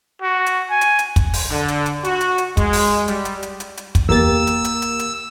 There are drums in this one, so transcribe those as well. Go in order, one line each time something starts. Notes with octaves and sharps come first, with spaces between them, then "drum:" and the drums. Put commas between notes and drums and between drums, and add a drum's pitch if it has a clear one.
F#4
drum: hi-hat
G#5
drum: hi-hat
drum: hi-hat
drum: kick, hi-hat
drum: open hi-hat
D3
drum: hi-hat
drum: hi-hat
F#4, drum: hi-hat
drum: hi-hat
drum: hi-hat
G#3, drum: kick, hi-hat
drum: open hi-hat
G3, drum: hi-hat
drum: hi-hat
drum: hi-hat
drum: hi-hat
drum: hi-hat
drum: kick, hi-hat
E2 A#3 G4 A#4 E6 A6
drum: hi-hat
drum: hi-hat
drum: hi-hat
drum: hi-hat